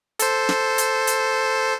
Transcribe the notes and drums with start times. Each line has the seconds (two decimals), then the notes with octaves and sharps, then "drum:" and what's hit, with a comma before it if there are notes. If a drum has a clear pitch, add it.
0.19 A4 C5, drum: hi-hat
0.49 drum: snare
0.78 drum: hi-hat
1.07 drum: hi-hat